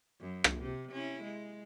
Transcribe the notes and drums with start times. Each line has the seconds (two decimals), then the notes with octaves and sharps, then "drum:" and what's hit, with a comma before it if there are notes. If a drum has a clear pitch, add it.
0.20 F#2
0.44 drum: rim click
0.60 C3
0.92 C#4 E4
1.23 G#3